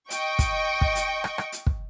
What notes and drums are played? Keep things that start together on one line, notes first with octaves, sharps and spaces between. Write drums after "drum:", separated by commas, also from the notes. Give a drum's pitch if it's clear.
D#5 G5 C#6, drum: hi-hat
drum: kick, hi-hat
drum: kick
drum: hi-hat
drum: rim click
drum: rim click
drum: hi-hat
drum: kick